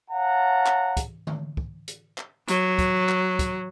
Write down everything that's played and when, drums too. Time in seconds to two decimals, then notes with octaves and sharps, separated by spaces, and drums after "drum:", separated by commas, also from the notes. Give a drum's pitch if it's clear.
0.10 C#5 F5 F#5 A5 A#5
0.66 drum: clap
0.97 drum: kick, hi-hat
1.27 drum: tom D3
1.57 drum: kick
1.88 drum: hi-hat
2.18 drum: clap
2.48 F#3, drum: hi-hat
2.78 drum: kick, hi-hat
3.09 drum: clap
3.39 drum: kick, hi-hat